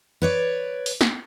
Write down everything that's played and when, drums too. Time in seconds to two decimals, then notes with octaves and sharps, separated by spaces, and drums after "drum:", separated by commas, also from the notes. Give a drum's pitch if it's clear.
0.22 B4 C#5 D5
0.86 drum: open hi-hat
1.01 drum: snare